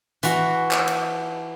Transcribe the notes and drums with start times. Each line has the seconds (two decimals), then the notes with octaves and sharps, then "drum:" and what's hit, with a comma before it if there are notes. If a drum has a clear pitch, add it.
0.23 E3 F#4, drum: hi-hat
0.71 drum: clap
0.88 drum: cymbal